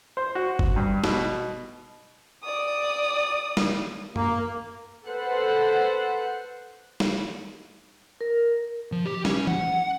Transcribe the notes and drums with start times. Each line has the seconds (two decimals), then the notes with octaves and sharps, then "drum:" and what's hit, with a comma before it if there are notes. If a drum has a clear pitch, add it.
0.17 C5
0.35 F#4
0.59 drum: kick G1
0.76 G2
1.04 B2, drum: snare
2.44 D5 D#6
3.57 drum: snare
4.16 A#3, drum: tom F#2
5.07 A4 B4 C5 F#5
7.00 drum: snare
8.21 A#4
8.92 F3
9.05 G4
9.25 C#4, drum: snare
9.47 F#5, drum: tom E3